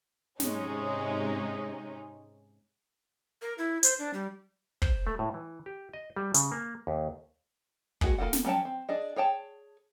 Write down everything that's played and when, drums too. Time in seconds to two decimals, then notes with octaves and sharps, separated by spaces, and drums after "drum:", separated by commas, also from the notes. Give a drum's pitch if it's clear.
0.40 G#2 C3 G#3 C#4 D#4, drum: snare
3.42 A#4
3.58 E4
3.83 C5, drum: hi-hat
3.99 D4
4.14 G3
4.82 C5, drum: kick
5.07 A3
5.19 A2
5.34 E3
5.66 G4
5.94 D#5
6.16 G3
6.34 C#3, drum: hi-hat
6.52 A#3
6.87 D#2
8.01 G#3 A#3 F#4 G#4, drum: kick
8.18 A#3 F4 F#4 A4 F#5
8.33 drum: snare
8.45 F#3 C#4 C#5 G5 A5
8.65 C4
8.89 D4 G#4 D#5
9.16 G#4 C#5 G5 A5